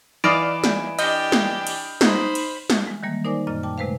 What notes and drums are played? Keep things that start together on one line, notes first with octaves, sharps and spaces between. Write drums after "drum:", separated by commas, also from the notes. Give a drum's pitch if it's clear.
E3 D5 D#5 F5 B5 D7 E7
drum: snare
D4 G4 D#5 F6 G6 G7, drum: cymbal
drum: snare
drum: cymbal
D#4 C5 B5, drum: snare
drum: cymbal
drum: snare
E3 G#3
D#3 E3 G3 A#3
D#4 A#4 C5 D5 G#5 D6
F#2 A#2 D#5 F6
G5 A5 D6
C3 G#3 A3 B4 C5 F5